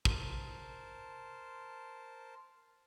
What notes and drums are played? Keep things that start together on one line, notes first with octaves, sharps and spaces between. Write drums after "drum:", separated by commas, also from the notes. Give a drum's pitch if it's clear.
A#4 C5 A5, drum: kick